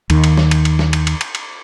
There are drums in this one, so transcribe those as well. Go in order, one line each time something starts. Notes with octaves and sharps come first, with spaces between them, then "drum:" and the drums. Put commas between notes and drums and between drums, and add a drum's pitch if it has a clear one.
D#2 D#3, drum: cymbal
drum: cymbal
drum: snare
drum: cymbal
drum: cymbal
drum: snare
drum: cymbal
drum: cymbal
drum: cymbal
drum: cymbal